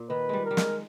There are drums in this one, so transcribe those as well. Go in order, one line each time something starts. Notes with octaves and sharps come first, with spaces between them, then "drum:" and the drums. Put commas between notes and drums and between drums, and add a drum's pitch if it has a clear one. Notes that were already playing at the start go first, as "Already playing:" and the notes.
Already playing: A#2
D#3 B4
G3 G#3
A#4
G3
G#3, drum: snare